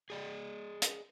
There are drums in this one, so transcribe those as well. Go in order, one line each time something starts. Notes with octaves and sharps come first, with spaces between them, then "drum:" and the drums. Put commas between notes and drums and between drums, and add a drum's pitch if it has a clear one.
G#4 D5 D#5
drum: hi-hat